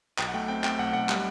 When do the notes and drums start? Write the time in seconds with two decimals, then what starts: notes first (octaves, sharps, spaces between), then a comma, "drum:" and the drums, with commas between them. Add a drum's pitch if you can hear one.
0.19 B1 G5, drum: clap
0.29 F#5
0.34 A3 G5
0.48 C4 G5
0.64 A3 G5, drum: clap
0.79 B1 F#5
0.93 B1 F#5
1.09 G3, drum: clap